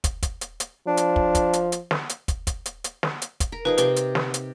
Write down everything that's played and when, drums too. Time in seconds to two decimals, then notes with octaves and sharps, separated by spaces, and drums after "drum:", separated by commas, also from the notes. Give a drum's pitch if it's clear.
0.04 drum: kick, hi-hat
0.23 drum: kick, hi-hat
0.41 drum: hi-hat
0.60 drum: hi-hat
0.87 F3 D4
0.97 drum: hi-hat
1.16 drum: kick
1.35 drum: kick, hi-hat
1.53 drum: hi-hat
1.72 drum: hi-hat
1.91 drum: snare
2.09 drum: hi-hat
2.28 drum: kick, hi-hat
2.47 drum: kick, hi-hat
2.66 drum: hi-hat
2.84 drum: hi-hat
3.03 drum: snare
3.22 drum: hi-hat
3.40 drum: kick, hi-hat
3.52 A#4
3.65 F3 D#4 G#4 B4
3.78 C3 G4 B4 C6, drum: hi-hat
3.96 drum: hi-hat
4.15 drum: snare
4.34 drum: hi-hat